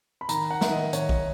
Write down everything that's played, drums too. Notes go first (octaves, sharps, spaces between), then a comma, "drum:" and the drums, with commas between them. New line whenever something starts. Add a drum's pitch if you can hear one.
B5
D#3 A#5, drum: hi-hat
F#5
D#3 E5, drum: snare
D#5
D#3 C#5, drum: hi-hat
drum: kick